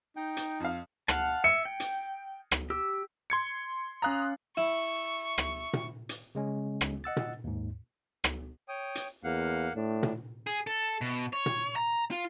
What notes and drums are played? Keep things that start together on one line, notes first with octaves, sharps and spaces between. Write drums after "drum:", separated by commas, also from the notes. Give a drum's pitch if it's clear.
D#4 G5
drum: hi-hat
F2 F5
F5 F#5 A5, drum: rim click
E5 C#7
G5
drum: hi-hat
drum: rim click
G4 E6
C6 G#6 C#7
C#4 F5 A#5 D#6 F#6 A6
E4 C#6
drum: rim click
drum: tom A#2
drum: hi-hat
C#3 G#3 C#4
drum: rim click
D#5 F#5 E6 A6
drum: tom A#2
D#2 G#2
drum: rim click
C#5 G5 D#6
drum: hi-hat
E2 A#3 F5 F#5
A2 D4
drum: tom A#2
G#4
A4
B2
C#5
drum: tom A#2
A#5
F4